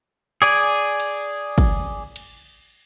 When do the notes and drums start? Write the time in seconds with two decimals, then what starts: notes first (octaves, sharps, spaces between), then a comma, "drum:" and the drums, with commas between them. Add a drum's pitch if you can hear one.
0.42 G#4 D5 G#5, drum: cymbal
1.00 drum: cymbal
1.58 drum: kick, cymbal
2.16 drum: cymbal